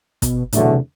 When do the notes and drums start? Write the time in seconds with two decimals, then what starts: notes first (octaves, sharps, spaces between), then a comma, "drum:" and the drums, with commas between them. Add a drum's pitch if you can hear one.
0.22 B2, drum: kick, hi-hat
0.53 E2 A2 D3 F#3 A3 D4, drum: hi-hat
0.63 B2
0.73 C3